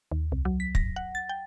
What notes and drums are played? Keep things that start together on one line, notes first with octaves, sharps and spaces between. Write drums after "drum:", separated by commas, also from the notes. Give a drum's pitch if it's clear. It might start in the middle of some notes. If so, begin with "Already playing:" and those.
D#2
C2
F#3
B6
A#6, drum: kick
F#5
A6
G5